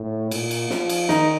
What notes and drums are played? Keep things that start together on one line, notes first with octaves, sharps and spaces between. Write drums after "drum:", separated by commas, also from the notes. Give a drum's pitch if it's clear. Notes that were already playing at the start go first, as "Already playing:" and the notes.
Already playing: A2
A#2, drum: cymbal
drum: cymbal
F3, drum: snare
drum: cymbal
D#3 D#4, drum: snare